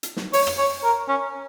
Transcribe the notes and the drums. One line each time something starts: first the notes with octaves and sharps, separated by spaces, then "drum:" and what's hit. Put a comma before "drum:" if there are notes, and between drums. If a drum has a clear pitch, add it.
drum: hi-hat
drum: snare
C#5, drum: open hi-hat
drum: rim click
C#5
A#4
C#4